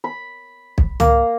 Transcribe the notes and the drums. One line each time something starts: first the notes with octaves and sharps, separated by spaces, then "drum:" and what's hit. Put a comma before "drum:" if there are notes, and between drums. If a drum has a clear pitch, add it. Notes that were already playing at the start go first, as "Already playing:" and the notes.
B5
drum: kick B1
A#3, drum: tom